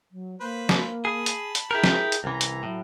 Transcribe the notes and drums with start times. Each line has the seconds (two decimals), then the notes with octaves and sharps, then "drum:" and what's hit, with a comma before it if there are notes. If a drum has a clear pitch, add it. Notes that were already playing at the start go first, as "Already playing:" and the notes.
0.12 F#3
0.41 A#3 B4 C5
0.69 drum: snare
1.05 G#4 A5 B5
1.26 drum: hi-hat
1.55 drum: hi-hat
1.71 E4 G4 G#4 A#4
1.84 drum: snare
2.12 drum: hi-hat
2.24 C2 E3 C#4 A#5
2.41 drum: hi-hat
2.63 A2 F#3